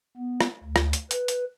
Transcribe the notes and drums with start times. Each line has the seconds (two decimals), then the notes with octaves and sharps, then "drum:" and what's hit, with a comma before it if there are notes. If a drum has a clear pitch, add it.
0.17 B3
0.41 drum: rim click
0.63 D2
0.76 drum: rim click
0.93 drum: hi-hat
1.11 B4, drum: hi-hat
1.28 drum: hi-hat